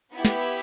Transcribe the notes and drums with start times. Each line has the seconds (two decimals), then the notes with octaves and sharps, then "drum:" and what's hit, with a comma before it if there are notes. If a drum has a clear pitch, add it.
0.14 B3 E4 G4
0.25 drum: snare